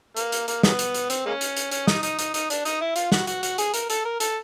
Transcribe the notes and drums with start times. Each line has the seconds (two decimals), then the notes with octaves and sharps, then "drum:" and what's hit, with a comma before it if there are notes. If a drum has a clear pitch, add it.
0.17 A#3, drum: hi-hat
0.32 drum: hi-hat
0.48 A#3, drum: hi-hat
0.63 F#3 G#3 B3, drum: snare
0.79 drum: hi-hat
0.94 drum: hi-hat
1.10 C4, drum: hi-hat
1.26 G#3 A#3 C#4
1.41 drum: hi-hat
1.57 drum: hi-hat
1.71 C#4, drum: hi-hat
1.87 D#4, drum: snare
2.03 D#4, drum: hi-hat
2.19 D#4, drum: hi-hat
2.34 D#4, drum: hi-hat
2.50 D4, drum: hi-hat
2.65 D#4, drum: hi-hat
2.81 E4
2.96 F4, drum: hi-hat
3.12 F#4, drum: snare
3.27 F#4, drum: hi-hat
3.43 F#4, drum: hi-hat
3.58 G#4, drum: hi-hat
3.74 A#4, drum: hi-hat
3.90 A4, drum: hi-hat
4.05 A#4
4.20 A4, drum: hi-hat